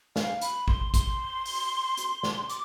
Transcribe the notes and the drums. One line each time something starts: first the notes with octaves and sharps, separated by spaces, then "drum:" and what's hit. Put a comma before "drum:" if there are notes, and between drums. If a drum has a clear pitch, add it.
F5, drum: snare
B5, drum: hi-hat
C6, drum: kick A1
C6, drum: kick A1, hi-hat
drum: open hi-hat
drum: hi-hat
drum: snare
D6, drum: hi-hat